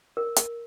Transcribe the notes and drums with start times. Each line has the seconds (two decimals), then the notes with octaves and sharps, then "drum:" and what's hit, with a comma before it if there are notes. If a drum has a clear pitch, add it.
0.17 A#4
0.36 drum: hi-hat